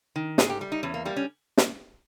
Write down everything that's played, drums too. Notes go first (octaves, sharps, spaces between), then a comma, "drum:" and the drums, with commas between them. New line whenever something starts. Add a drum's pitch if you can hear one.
D#3
G#2 G#4, drum: snare
G4
G3
D#4
E2 C#4
A#3
G3 A#3
C#4
drum: snare